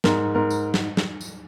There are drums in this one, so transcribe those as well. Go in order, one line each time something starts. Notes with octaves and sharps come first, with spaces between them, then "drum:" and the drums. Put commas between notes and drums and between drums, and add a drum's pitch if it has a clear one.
G#2 A#4, drum: snare
G#2 A#4
drum: tambourine
drum: snare
drum: snare
drum: tambourine